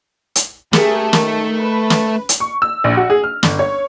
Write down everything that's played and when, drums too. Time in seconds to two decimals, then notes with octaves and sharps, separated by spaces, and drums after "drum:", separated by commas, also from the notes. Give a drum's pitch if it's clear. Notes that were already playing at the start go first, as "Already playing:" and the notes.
0.36 drum: hi-hat
0.73 A3 G4 G#4 A#4, drum: snare
1.13 D#3, drum: snare
1.59 B4
1.90 drum: snare
2.29 drum: hi-hat
2.40 C#6
2.62 E6
2.84 A#1
2.97 F#4
3.10 G#4
3.24 F6
3.43 G1, drum: snare
3.59 C#5